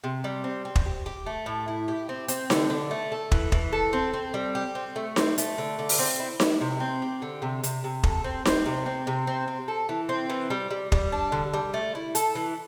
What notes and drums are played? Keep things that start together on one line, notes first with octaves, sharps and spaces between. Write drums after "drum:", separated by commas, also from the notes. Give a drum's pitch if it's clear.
C3
G3
C4
C4
drum: kick
G4
G4
A3
A2
E4
G4
C4
C4, drum: hi-hat
D3, drum: snare D#4
D3
A3
A4
E3, drum: kick
E3, drum: kick
A4
C4
C4
G3
G4
C4
A3
C4, drum: snare D#4
A3, drum: hi-hat
D3
D3
drum: open hi-hat
C4
E4
E4, drum: snare D#4
C3
C4
G4
D3
C3
C3, drum: hi-hat
C3
A4, drum: kick
C4
C4, drum: snare D#4
C3
C4
C3
C4
C4
A4
E3
C4
E3
G3
G3
G3, drum: kick
D4
D3
G3
A3
E4
A4, drum: hi-hat
E3